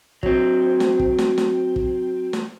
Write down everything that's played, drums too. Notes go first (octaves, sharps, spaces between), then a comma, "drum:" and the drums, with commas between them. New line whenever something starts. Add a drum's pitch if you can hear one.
F#3 C4, drum: kick
drum: snare
drum: kick
drum: snare
drum: snare
drum: kick
drum: snare